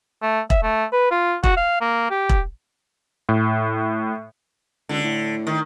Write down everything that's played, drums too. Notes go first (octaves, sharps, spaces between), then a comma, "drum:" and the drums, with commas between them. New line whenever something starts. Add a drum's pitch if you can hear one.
A3
E5, drum: kick E1
A3
B4
F4
F#4, drum: kick E1
F5
A#3
G4
drum: kick E1
A2
C#2 D3
A2
D#3